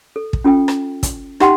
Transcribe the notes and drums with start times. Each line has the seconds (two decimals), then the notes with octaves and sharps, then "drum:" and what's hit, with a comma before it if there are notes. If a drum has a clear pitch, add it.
0.16 A4
0.33 drum: kick
0.44 C#4 F4 A4 G5
0.68 drum: rim click
1.03 drum: kick, hi-hat
1.40 D#4 G4 E5 F#5 G5 C6, drum: rim click